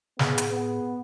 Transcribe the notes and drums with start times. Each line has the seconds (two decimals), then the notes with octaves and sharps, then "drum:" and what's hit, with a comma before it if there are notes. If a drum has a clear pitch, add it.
0.19 A2 B3 G#4, drum: snare
0.38 drum: hi-hat
0.51 B3